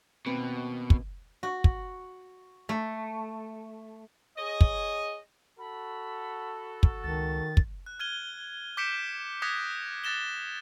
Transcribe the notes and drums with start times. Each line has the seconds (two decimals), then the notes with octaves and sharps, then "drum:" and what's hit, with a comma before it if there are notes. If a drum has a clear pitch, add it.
0.26 D#2 B2 C4 B4
0.90 drum: kick
1.43 F#4
1.64 drum: kick
2.69 A3
4.38 G#4 C#5 D#5
4.61 drum: kick
5.59 F#4 A4 B5
6.83 drum: kick
7.04 C#2 D#3 A6
7.57 drum: kick
7.86 F#6
7.99 F6 G#6 D#7 G7
8.77 D6 G6 B6 C#7 D7 E7
9.42 D#6 F#6 G#6 A#6 B6 C#7
10.04 D#6 F#6 A6 A#6 E7 G7